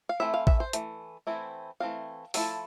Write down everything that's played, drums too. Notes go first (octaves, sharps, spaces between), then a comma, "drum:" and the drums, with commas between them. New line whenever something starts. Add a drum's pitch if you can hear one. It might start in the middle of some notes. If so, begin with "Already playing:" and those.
F5
E3 A3 C4 E4 E5
F5
E5, drum: kick A1
C5
E3 A3, drum: hi-hat
E3 A3 C4 E4
E3 A3 C4 F5
F3 A3 E4 A4, drum: open hi-hat